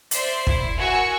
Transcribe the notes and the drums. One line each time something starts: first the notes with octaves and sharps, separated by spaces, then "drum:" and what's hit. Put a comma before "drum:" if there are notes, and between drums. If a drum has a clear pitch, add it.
C5 D5 E5 C7, drum: hi-hat
E4, drum: kick
F#4 A#4 F#5 G#5 C#6 E6